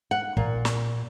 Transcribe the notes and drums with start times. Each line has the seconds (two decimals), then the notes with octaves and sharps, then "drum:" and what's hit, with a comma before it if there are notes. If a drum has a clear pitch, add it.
0.11 F#5
0.37 A#2, drum: kick
0.65 drum: snare